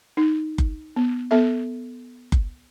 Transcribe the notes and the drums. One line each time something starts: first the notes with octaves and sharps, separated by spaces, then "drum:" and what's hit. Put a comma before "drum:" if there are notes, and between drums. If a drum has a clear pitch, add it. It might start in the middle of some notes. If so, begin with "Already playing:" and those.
D#4
drum: kick F#1
B3
B3 A4 E5
drum: kick F#1